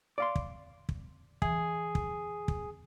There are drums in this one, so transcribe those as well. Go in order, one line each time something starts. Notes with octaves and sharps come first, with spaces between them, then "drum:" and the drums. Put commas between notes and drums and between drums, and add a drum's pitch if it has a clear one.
D5 F5 C6
drum: kick
drum: kick
E3 G#4, drum: kick
drum: kick
drum: kick